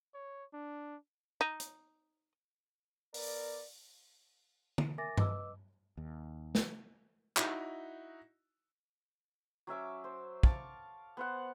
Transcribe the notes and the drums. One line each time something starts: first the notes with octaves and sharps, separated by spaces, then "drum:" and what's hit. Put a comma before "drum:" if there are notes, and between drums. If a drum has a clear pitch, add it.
C#5
D4
D#4
drum: hi-hat
B3 A#4 D5, drum: open hi-hat
drum: tom
A#4 E5 G#5 D6 A6 A#6
B4 D#5 D6 E6, drum: tom G2
D#2
drum: snare
D#4 E4 F#4, drum: clap
F#3 C#4 E5 D6
C5
F5 A5 C#6 D6, drum: kick
B3 C5 F#5